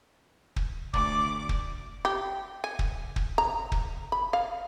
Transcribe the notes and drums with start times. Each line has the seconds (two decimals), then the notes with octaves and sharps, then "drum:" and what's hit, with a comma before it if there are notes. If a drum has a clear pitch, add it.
0.56 drum: kick
0.94 D2 D5 D6, drum: kick
1.49 drum: kick
2.05 G4
2.64 G#5
2.79 drum: kick
3.16 drum: kick
3.38 A#5
3.72 drum: kick
4.12 B5
4.33 F5